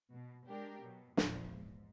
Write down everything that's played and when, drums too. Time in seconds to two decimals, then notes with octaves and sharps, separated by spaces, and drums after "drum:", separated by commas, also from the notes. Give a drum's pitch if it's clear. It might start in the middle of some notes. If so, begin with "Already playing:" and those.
0.12 B2
0.46 G#3 D4 G4 A#4
0.81 B2 F#3
1.17 A#1 E2 A#2 F3, drum: snare
1.54 G#2